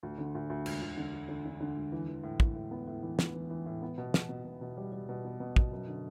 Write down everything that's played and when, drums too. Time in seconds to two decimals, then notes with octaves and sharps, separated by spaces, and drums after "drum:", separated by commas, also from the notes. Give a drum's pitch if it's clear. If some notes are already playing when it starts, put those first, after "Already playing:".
0.03 D2
0.18 D3
0.35 D2
0.50 D2
0.66 E1, drum: cymbal
0.82 D2
0.97 D3
1.13 E1
1.29 D3
1.45 D3
1.60 D3
1.76 E1
1.92 E3
2.08 E3
2.24 A2
2.40 A2, drum: kick
2.55 A2
2.71 B3
2.88 A2
3.03 E3
3.19 B3, drum: snare
3.34 E3
3.50 E3
3.66 A2
3.82 B3
3.98 B2
4.14 B2, drum: snare
4.29 B2
4.45 B2
4.61 B2
4.77 G3
4.92 G3
5.09 B2
5.24 B3
5.40 B2
5.56 B2, drum: kick
5.72 F#2
5.88 D3